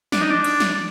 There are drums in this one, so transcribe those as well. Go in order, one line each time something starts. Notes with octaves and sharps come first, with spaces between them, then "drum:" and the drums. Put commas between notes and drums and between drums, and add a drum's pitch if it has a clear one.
D4, drum: snare
D#4
D4
drum: cymbal
drum: snare